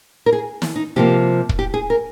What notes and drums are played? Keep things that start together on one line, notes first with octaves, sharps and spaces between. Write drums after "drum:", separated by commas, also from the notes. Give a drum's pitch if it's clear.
A#4
G#4
drum: snare
D#4
C3 F3 A#3 G4
drum: kick
G4
G#4
A#4